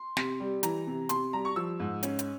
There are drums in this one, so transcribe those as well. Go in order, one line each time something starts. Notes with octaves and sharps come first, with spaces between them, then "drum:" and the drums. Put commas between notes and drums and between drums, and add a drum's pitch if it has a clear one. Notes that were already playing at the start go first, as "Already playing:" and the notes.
Already playing: C6
C3, drum: snare
G3
E3 A#5, drum: hi-hat
C3
C3 C6, drum: hi-hat
G3 A#5
C#6
F3 E6
G#2
C#4, drum: hi-hat
drum: hi-hat